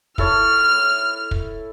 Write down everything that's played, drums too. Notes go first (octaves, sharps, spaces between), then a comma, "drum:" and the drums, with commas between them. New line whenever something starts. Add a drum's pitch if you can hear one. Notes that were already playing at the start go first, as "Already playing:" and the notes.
E4 A4 C#5 F6, drum: kick
drum: kick